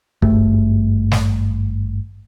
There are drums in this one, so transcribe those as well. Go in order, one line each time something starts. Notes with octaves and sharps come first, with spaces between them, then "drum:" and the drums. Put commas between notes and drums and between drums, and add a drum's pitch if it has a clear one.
G#1 G2 A3, drum: kick
drum: snare